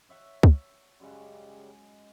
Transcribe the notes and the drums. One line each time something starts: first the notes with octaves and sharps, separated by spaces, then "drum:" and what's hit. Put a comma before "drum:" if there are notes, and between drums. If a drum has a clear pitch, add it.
C#5 E5 F#5
drum: kick
F#2 C#3 G3 G#3 F#5